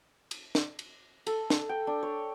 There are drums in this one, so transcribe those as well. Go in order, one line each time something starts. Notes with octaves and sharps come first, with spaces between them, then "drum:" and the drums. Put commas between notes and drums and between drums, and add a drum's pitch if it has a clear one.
drum: cymbal
drum: snare
drum: cymbal
A4, drum: cymbal
drum: snare
G5
D4
C#5